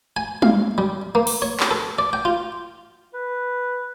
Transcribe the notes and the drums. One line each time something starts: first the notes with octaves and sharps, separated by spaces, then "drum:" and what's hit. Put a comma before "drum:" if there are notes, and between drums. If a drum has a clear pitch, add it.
G#5
F5, drum: tom G3
G3
A#3
drum: open hi-hat
C#5
drum: clap
A4
D5
G5
F4
B4